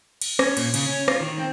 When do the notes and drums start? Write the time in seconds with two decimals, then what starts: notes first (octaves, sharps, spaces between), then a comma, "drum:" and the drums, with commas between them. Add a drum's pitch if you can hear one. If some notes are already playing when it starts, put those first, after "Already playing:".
0.21 drum: cymbal
0.39 C#4, drum: rim click
0.57 A#2, drum: cymbal
0.74 C#3, drum: cymbal
0.86 C#4
1.08 F4, drum: rim click
1.21 D#3
1.38 C4